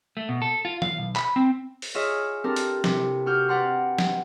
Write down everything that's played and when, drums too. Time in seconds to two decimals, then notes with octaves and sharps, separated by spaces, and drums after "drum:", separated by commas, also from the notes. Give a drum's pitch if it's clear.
0.17 A3
0.29 B2
0.42 A4
0.65 F4
0.82 F5, drum: tom D#3
0.98 B1
1.16 B5, drum: clap
1.36 C4
1.82 drum: open hi-hat
1.95 F4 G#4 C#5 D#5 E5
2.44 C4 D4 G4 A4 A#4
2.56 drum: hi-hat
2.84 C3 E4, drum: snare
3.26 F#4 G4 F6 G6
3.49 B4 D5 F#5 G5 A#5 C6
3.99 drum: snare